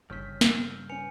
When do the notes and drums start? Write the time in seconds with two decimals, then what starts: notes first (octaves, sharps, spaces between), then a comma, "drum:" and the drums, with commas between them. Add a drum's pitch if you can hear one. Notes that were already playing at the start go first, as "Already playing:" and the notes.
0.10 G1 G2 C#3 C#5 F6 G6 B6
0.41 E6, drum: snare
0.89 C#4 B4 G#5 C#7 F7